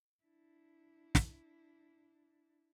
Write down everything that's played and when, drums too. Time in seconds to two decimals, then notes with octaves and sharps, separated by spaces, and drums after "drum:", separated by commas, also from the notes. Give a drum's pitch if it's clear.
0.24 D4 E4
1.15 drum: snare